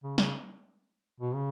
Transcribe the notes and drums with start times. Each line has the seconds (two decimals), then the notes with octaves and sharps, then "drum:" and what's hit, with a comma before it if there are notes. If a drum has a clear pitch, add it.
0.04 C#3
0.18 C#3, drum: snare
1.20 B2
1.35 C#3